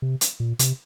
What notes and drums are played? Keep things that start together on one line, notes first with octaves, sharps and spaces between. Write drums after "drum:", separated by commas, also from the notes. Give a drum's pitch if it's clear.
C3
drum: hi-hat
A#2
C3, drum: hi-hat